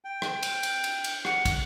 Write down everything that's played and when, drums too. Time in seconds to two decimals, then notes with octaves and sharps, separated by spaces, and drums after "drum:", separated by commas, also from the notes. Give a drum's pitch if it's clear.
0.05 G5
0.22 drum: rim click
0.43 drum: cymbal
0.63 drum: cymbal
0.84 drum: cymbal
1.04 drum: cymbal
1.25 F#5, drum: rim click
1.45 drum: kick, cymbal